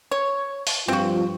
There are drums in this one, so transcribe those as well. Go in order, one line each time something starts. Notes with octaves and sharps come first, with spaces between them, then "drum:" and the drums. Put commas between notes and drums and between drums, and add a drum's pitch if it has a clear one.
C#5
drum: open hi-hat
G2 F3 C4 F4 F#4